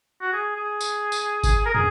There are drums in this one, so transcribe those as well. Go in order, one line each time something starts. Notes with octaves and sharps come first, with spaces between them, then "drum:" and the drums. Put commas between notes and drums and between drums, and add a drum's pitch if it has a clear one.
F#4
G#4
G#4
drum: tambourine
drum: tambourine
drum: kick G1, tambourine
A#4
G#4, drum: tom